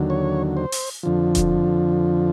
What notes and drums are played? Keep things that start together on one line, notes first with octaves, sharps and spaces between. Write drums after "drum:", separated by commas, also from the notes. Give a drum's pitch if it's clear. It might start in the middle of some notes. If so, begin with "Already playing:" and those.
Already playing: D#2 D3 F#3
C#5
C5
drum: open hi-hat
F2 D3 F3
drum: kick E1, hi-hat